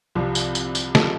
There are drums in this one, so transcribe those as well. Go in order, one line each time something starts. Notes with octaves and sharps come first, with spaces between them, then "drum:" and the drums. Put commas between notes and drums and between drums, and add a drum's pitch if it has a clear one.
C2 C3 F3
drum: tambourine
drum: tambourine
drum: tambourine
C3 F3, drum: snare